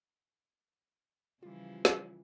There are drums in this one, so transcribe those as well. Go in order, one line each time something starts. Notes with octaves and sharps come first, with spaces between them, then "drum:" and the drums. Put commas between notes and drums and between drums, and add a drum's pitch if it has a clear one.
C#3 E3 F3 G3 F4
drum: snare